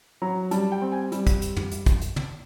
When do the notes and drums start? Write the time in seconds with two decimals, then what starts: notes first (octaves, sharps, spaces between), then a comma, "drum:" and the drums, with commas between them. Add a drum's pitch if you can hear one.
0.22 F#3 A#5
0.51 G3 A5, drum: hi-hat
0.72 G5
0.81 C4
0.92 G#5
1.12 G3, drum: hi-hat
1.27 drum: kick, hi-hat
1.42 drum: hi-hat
1.57 drum: tom
1.71 drum: hi-hat
1.86 drum: kick, hi-hat
2.01 drum: hi-hat
2.16 drum: tom